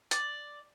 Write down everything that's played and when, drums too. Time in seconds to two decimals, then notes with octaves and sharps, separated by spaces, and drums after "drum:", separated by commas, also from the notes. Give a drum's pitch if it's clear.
0.11 D5, drum: hi-hat